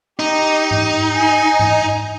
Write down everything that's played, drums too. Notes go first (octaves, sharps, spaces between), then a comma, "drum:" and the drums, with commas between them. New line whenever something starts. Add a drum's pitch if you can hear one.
D#4 G4
drum: tom G#2
G#5
drum: tom G#2